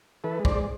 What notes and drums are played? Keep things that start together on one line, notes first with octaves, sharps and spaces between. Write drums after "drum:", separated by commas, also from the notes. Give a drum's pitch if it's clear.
E3 A4 B4
G#3
C5 D5, drum: kick
G#3